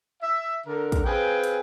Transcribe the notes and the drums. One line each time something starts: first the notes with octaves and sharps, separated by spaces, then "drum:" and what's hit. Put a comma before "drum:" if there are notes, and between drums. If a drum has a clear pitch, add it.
E5
D3 A#4
drum: kick, hi-hat
C4 G#4 B4 F5 G5 G#5
drum: hi-hat